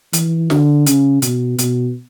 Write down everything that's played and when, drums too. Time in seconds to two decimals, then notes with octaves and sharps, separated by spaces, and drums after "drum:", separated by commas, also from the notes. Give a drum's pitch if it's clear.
0.13 E3, drum: hi-hat
0.50 D3, drum: snare
0.86 C#3, drum: hi-hat
1.22 B2, drum: hi-hat
1.58 B2, drum: hi-hat